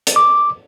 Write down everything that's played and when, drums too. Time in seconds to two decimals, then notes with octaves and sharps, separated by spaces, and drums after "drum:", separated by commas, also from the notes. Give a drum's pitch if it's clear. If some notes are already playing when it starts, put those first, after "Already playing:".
0.07 drum: hi-hat
0.16 D6